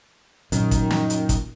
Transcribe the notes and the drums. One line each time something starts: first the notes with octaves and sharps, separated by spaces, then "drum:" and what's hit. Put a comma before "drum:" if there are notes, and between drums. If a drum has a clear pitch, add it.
F#2 A#2 D#3, drum: hi-hat
drum: kick, hi-hat
drum: snare
drum: hi-hat
drum: kick, hi-hat